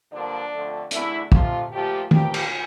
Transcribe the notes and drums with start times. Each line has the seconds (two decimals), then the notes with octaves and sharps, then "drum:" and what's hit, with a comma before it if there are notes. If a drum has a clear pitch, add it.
0.12 G2 D3 F3 A#3 D4
0.51 F2 D3 F3 A3
0.91 E2 D3 A3 E4, drum: hi-hat
1.32 F2 C3 F3 A3 F4, drum: kick
1.71 A#2 F3 A3 G4
2.11 G2 F3 A#3 G4, drum: tom D#3
2.34 drum: cymbal